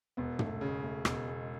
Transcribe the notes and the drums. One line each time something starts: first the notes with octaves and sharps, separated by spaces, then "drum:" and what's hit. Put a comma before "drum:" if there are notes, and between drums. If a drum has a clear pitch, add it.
E1 B3
A3, drum: tom
C#3 G#3
A3
E1 B3, drum: rim click
G#3